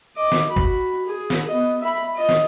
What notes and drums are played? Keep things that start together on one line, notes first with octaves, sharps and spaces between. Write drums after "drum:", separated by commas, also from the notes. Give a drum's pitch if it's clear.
D#5 D6
drum: snare
F#4 B5
drum: kick
G#4
drum: snare
B3 D#5
E5 B5
F4 D#5
drum: snare